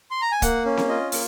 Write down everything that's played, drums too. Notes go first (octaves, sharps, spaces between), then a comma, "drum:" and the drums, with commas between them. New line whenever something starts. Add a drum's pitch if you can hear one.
C6
A#5
G#5
A#3 F#5, drum: kick, hi-hat
C#4
drum: snare C4
F4 D#5
A#3, drum: open hi-hat